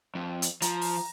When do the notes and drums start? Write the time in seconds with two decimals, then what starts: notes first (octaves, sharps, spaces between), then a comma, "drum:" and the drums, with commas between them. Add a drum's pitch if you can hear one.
0.15 F2
0.42 drum: hi-hat
0.62 F3 A#5, drum: hi-hat
0.81 drum: open hi-hat